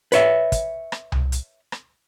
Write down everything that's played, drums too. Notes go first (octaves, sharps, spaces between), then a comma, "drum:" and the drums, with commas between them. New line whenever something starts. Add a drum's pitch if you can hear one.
B4 C#5 E5, drum: hi-hat
drum: kick, hi-hat
drum: rim click
drum: tom C2
drum: hi-hat
drum: rim click